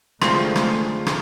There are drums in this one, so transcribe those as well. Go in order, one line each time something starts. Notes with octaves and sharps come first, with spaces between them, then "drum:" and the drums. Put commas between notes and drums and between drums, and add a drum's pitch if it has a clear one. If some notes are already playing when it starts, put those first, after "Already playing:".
D2 G#3 A3 C4 F4 C6, drum: rim click
drum: rim click
drum: rim click